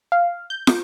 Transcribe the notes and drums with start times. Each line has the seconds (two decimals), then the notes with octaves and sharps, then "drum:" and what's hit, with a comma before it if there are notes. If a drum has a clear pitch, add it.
0.12 F5
0.50 G6
0.67 drum: snare